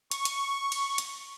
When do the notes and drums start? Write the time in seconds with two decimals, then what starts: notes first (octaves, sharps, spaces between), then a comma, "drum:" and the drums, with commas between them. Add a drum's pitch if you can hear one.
0.11 C#6, drum: hi-hat
0.25 drum: hi-hat
0.72 drum: cymbal
0.98 drum: hi-hat